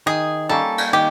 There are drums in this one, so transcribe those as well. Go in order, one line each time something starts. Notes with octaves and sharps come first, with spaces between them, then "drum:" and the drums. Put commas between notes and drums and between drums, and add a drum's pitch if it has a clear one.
D#3 G#4
G3 A#3 C#4 A4
drum: cymbal
D#3 G4